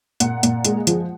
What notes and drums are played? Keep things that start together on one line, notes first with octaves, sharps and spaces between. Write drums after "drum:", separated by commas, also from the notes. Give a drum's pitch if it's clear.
A#2 F#5, drum: hi-hat
A#2, drum: hi-hat
G#3, drum: hi-hat
F3, drum: hi-hat